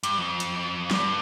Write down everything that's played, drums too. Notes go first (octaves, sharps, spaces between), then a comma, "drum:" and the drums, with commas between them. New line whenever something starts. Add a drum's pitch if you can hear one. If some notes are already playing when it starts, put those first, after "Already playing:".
G2, drum: hi-hat
F2
drum: hi-hat
G2, drum: snare